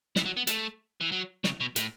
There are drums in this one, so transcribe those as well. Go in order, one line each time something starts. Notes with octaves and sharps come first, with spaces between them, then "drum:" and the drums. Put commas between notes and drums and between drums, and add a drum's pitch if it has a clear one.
E3, drum: snare
F#3
B3
A3, drum: hi-hat
E3
F#3
C#3, drum: snare
B2
A2, drum: hi-hat